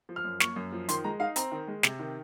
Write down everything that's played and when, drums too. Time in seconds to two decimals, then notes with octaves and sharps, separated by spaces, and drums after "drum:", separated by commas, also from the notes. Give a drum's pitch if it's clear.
0.09 F3
0.16 F6
0.24 F#2
0.40 A#3 C#6, drum: snare
0.56 F#2
0.72 F3
0.89 D#3 C6, drum: hi-hat
1.04 G#3 A#5
1.20 D#4 F5
1.36 C4 A#5, drum: hi-hat
1.52 D#3
1.68 G#3
1.83 C3, drum: snare
1.99 D#3